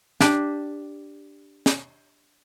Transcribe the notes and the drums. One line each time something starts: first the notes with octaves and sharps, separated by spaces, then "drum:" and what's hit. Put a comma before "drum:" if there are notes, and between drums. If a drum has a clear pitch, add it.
D4 G4, drum: snare
drum: snare